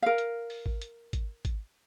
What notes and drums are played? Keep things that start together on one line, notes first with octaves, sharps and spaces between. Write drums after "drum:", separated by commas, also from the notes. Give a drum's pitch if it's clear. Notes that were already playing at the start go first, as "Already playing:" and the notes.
A#4 F5
drum: hi-hat
drum: open hi-hat
drum: kick G#1
drum: hi-hat
drum: kick G#1, hi-hat
drum: kick G#1, hi-hat